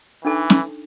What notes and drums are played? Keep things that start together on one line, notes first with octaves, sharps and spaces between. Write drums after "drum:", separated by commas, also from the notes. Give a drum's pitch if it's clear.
E3 D4 D#4 A4
drum: snare